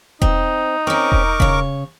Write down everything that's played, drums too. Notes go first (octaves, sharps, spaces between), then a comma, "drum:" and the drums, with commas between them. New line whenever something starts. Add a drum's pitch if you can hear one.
C4 D#4, drum: kick E1
C4 C#4 A#4 C#6 D6
drum: kick E1
C#3 C#5, drum: kick E1